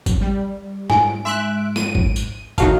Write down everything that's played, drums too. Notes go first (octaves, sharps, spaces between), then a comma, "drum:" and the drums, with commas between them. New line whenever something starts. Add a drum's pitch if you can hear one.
drum: kick, tambourine
G3
G#2 G#5 D7, drum: snare
E5 C6 F#6
D#7, drum: snare
drum: kick
drum: tambourine
A2 D#3 D#4 F#4 F5 A5, drum: kick, tambourine